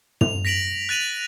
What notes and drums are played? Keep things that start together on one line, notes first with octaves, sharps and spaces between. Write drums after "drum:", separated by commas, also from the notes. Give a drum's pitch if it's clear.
F7, drum: tom
A#6 B6 D7 F7 F#7
F#6 A6 D#7 F7 F#7